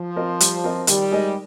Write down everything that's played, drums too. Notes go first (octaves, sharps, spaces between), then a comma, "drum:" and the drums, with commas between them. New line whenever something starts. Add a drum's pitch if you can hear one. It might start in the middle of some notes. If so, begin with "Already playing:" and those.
Already playing: F3
C4 F4 A#4 D#5
G3, drum: hi-hat
C4 F4 A#4 D#5
D#3 G3, drum: hi-hat
G#3 D#4 A#4 D#5